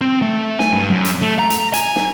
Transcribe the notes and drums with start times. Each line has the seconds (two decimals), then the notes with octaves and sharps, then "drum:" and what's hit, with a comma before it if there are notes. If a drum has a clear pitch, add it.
0.01 C4
0.22 A3
0.59 G#5, drum: snare
0.73 G2
0.90 F#2
1.05 drum: hi-hat
1.22 A3
1.39 A#5
1.50 drum: hi-hat
1.74 G#5, drum: hi-hat
1.96 drum: snare